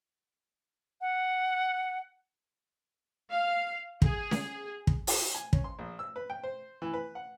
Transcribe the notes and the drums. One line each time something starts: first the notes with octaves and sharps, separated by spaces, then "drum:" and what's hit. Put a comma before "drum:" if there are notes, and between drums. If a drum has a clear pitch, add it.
F#5
F5
G#4, drum: kick
drum: snare C#4
drum: kick
drum: open hi-hat
G#5
C#4, drum: kick
C6
A#1
E6
B4
G5
C5
E3
B4
F#5